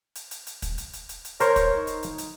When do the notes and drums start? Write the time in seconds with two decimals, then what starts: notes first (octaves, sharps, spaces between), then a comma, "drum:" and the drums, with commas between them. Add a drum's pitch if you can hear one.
0.16 drum: hi-hat
0.31 drum: hi-hat
0.47 drum: hi-hat
0.62 drum: kick, hi-hat
0.78 drum: hi-hat
0.94 drum: hi-hat
1.09 drum: hi-hat
1.25 drum: hi-hat
1.40 A#4 C5 C#5, drum: hi-hat
1.56 drum: kick, hi-hat
1.77 D#4
1.87 drum: hi-hat
2.03 drum: hi-hat
2.18 drum: hi-hat